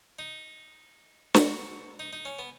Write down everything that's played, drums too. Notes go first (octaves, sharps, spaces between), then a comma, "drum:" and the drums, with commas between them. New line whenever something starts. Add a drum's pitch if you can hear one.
D#4
F#4, drum: snare
D#4
D#4
C#4
B3